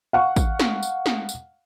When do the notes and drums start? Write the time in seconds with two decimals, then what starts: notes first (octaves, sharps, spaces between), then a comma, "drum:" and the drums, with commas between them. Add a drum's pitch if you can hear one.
0.13 F5 F#5 C#6
0.36 drum: kick, tambourine
0.60 drum: snare
0.83 drum: tambourine
1.06 drum: snare
1.29 drum: tambourine